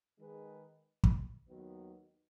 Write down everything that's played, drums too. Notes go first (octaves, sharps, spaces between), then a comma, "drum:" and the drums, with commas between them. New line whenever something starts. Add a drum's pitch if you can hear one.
D#3 G#3 D#4 G#4 B4
drum: kick
D#2 D#3 F#3 B3